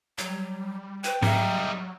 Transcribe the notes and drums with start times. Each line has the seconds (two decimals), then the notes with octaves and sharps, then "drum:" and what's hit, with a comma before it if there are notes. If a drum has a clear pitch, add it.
0.18 F#3 G3, drum: hi-hat
1.04 B4 G5, drum: hi-hat
1.22 F#3 G3 D#4 E5, drum: tom